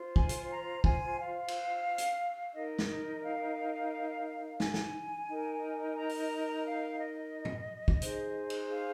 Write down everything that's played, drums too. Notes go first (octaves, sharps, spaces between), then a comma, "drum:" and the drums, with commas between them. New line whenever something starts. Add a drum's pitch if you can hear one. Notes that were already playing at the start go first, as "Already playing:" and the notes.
Already playing: F4 C5
G#5, drum: kick
drum: hi-hat
A#5
G#5, drum: kick
F5
drum: cymbal
drum: hi-hat
D#4 A#4 D#5
drum: snare
F5
G#5, drum: snare
drum: snare
D#4 A#4
A#5
drum: open hi-hat
F5
D#5
drum: tom A2
drum: kick
D#4 G#4 C5, drum: hi-hat
drum: cymbal
F5